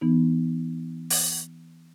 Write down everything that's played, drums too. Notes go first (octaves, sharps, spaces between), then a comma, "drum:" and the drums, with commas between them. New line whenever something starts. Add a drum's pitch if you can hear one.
E3 B3 D#4
drum: open hi-hat